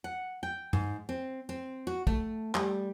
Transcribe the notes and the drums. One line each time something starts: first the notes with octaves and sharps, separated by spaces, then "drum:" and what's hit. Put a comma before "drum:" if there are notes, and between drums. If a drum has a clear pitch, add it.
F#5
G5
G#2, drum: tom
C4
C4
F#4
A3, drum: kick
G3, drum: clap